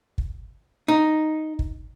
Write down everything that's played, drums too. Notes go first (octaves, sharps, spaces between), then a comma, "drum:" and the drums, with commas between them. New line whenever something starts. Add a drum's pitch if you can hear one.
drum: kick
D#4
drum: kick